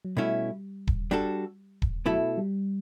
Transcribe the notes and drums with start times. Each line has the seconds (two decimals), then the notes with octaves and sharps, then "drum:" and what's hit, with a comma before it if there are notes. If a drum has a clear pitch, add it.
0.05 F#3
0.17 B2 G3 A3 C#4 E4
0.87 drum: kick D#1
1.11 G3 D4 F#4 A4
1.82 drum: kick D#1
2.06 B2 F#3 A3 E4 A4
2.37 G3